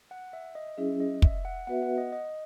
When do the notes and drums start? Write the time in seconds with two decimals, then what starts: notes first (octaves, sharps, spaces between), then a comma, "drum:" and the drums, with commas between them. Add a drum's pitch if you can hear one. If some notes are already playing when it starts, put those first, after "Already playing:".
0.11 F#5
0.33 E5
0.55 D#5
0.77 F#3 C#4 E4 G#4 E5
1.00 D#5
1.22 E5, drum: kick
1.45 F#5
1.67 B3 F#4 B4 E5 F#5
1.83 F#5
1.98 D#5
2.13 D#5